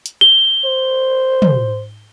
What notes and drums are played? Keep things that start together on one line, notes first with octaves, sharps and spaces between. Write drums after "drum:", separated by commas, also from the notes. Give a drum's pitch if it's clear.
drum: hi-hat
G7
C5
drum: tom